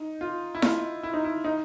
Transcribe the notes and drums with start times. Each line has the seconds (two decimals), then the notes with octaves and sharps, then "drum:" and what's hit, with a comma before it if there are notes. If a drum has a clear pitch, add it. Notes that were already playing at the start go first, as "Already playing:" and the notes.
Already playing: D#4
0.21 F4
0.55 E4
0.62 F4, drum: snare E4
1.03 E4
1.13 D#4
1.24 E4
1.44 D#4